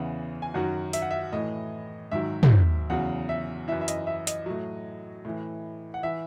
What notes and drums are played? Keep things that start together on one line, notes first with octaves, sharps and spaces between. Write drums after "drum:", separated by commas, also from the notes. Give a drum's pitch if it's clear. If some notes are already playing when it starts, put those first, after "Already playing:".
Already playing: E2 C#3 E3 F#5
G#5
F#2 D#3 F#3 F#5
E5, drum: hi-hat
F#5
E5
A2 E3 D#5
G#2 D#3 F#3 E5
drum: tom
E2 C#3 F#3 F#5
E5
F#2 E3 E5
E5
D#5, drum: hi-hat
E5
D#5, drum: hi-hat
A2 F#3
A2 E3
F#5
E3 E5